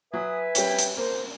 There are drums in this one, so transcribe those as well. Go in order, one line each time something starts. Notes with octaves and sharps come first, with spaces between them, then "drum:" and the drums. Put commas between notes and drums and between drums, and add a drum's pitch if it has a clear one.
F#3 B4 E5 G#5 D#6
G3 C#4 G5, drum: hi-hat
drum: hi-hat
A#3 C5